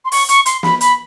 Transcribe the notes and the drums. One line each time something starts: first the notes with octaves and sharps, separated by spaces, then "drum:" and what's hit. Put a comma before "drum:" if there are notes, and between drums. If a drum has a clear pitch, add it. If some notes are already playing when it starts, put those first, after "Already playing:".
C6
C#6, drum: open hi-hat
C#6, drum: hi-hat
C6, drum: hi-hat
B5, drum: snare
B5, drum: hi-hat